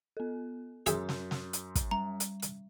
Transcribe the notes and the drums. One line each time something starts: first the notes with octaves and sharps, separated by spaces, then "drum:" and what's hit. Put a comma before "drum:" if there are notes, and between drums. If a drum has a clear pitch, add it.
B3 A4
F#2 G#4 E5 C6 G6, drum: hi-hat
drum: snare
drum: snare
drum: hi-hat
drum: kick, hi-hat
G3 A#5
drum: hi-hat
drum: hi-hat